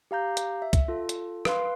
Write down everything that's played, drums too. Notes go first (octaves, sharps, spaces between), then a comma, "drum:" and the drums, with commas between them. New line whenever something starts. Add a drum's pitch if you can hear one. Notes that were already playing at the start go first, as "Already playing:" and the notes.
G4 F5 A#5 G6
drum: hi-hat
E5
drum: kick, hi-hat
F4 A4
drum: hi-hat
B4 F5 C6, drum: rim click